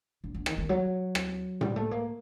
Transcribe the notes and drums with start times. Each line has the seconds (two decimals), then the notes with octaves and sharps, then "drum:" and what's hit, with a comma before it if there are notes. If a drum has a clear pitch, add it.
0.24 D3
0.34 D3
0.46 D#3, drum: rim click
0.58 D#3
0.69 F#3
1.15 drum: rim click
1.61 G3, drum: tom A2
1.76 A3
1.91 A#3